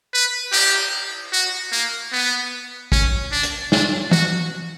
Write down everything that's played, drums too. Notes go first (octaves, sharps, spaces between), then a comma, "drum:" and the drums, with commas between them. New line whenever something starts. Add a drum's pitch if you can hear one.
B4
G4, drum: cymbal
F#4
A#3
B3
C#4, drum: kick
D4
drum: hi-hat
D4, drum: snare
F#4, drum: tom E3